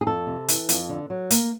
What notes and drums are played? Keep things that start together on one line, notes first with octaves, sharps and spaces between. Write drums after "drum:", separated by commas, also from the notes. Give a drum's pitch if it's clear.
G#4
F2 A4
C3
E3, drum: hi-hat
F2, drum: hi-hat
D3
F#3
A#3, drum: hi-hat